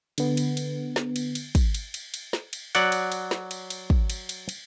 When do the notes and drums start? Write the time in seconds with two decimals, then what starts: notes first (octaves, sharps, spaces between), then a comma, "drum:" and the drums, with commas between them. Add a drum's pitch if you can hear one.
0.18 D3 B3, drum: cymbal
0.37 drum: cymbal
0.57 drum: cymbal
0.96 drum: snare
1.16 drum: cymbal
1.35 drum: cymbal
1.55 drum: kick, cymbal
1.74 drum: cymbal
1.94 drum: cymbal
2.14 drum: cymbal
2.33 drum: snare
2.53 drum: cymbal
2.75 F#3 D5 F#5, drum: cymbal
2.92 drum: cymbal
3.12 drum: cymbal
3.31 drum: snare
3.51 drum: cymbal
3.70 drum: cymbal
3.90 drum: kick
4.10 drum: cymbal
4.29 drum: cymbal
4.49 drum: cymbal